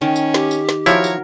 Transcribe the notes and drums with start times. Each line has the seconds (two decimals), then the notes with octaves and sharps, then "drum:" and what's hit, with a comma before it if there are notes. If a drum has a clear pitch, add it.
0.01 D#3 C#4
0.16 drum: tambourine
0.34 G4, drum: snare
0.51 drum: tambourine
0.69 drum: snare
0.86 F3 F#3 E4 A#4 C#5, drum: tambourine
1.04 drum: tambourine